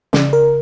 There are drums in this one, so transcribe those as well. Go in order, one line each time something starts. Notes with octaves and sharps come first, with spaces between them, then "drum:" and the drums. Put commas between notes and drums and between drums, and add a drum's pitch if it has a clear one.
C#3 D5, drum: snare
A#4